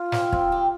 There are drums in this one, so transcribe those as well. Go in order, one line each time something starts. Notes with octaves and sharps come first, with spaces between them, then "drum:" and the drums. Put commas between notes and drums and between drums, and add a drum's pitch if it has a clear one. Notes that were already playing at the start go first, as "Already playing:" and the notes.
Already playing: F4
C4, drum: snare
C4, drum: kick
G4